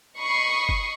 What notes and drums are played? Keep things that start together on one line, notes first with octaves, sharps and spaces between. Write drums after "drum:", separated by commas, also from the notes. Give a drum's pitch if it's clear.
D#5 B5 C#6 D#6 C7
drum: kick F#1